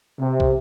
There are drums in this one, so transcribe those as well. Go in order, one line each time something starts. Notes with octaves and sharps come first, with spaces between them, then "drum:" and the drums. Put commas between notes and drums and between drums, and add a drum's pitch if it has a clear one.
C3
drum: kick